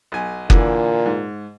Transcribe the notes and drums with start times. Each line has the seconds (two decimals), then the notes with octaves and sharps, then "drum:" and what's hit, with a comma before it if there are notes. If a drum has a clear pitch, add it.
0.12 B1 G#5
0.50 A#2 D3 E3, drum: kick F#1
1.06 G#2